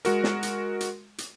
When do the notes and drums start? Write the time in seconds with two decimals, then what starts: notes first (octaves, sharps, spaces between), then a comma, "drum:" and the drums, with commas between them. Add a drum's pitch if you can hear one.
0.05 G#3 F#4 A#4, drum: hi-hat
0.24 drum: snare
0.43 drum: hi-hat
0.80 drum: hi-hat
1.18 drum: hi-hat